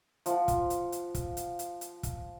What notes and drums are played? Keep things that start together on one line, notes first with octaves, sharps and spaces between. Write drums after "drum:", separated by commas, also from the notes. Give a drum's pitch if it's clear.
F3 F#5, drum: hi-hat
drum: kick, hi-hat
drum: hi-hat
drum: hi-hat
drum: kick, hi-hat
drum: hi-hat
drum: hi-hat
drum: hi-hat
drum: kick, hi-hat